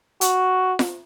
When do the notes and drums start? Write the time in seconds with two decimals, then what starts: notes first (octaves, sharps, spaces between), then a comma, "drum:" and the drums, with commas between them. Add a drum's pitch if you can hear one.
0.21 F#4, drum: hi-hat
0.79 drum: snare F4